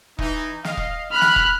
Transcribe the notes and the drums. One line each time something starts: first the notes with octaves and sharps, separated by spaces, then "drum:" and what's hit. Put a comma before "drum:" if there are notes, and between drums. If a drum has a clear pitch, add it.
E3 D#4, drum: kick E1
D#5 F5, drum: snare
drum: kick E1
B5 F6 F#6
drum: snare
drum: kick E1